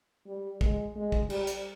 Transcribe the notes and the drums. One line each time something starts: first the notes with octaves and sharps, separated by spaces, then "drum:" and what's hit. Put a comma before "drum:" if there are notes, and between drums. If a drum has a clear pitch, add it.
G3
G#3, drum: kick
G#3
drum: kick
G3, drum: cymbal
drum: hi-hat